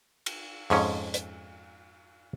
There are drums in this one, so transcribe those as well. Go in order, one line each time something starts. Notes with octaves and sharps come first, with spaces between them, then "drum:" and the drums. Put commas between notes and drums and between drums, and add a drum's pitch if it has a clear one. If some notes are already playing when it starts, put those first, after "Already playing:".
drum: cymbal
F2 G#2 C#4, drum: open hi-hat
drum: hi-hat